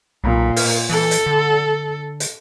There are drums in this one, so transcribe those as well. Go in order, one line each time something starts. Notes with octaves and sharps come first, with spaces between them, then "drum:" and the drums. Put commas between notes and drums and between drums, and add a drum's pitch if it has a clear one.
B1 A#2
A#4, drum: open hi-hat
E3 A4
drum: hi-hat
D3
drum: hi-hat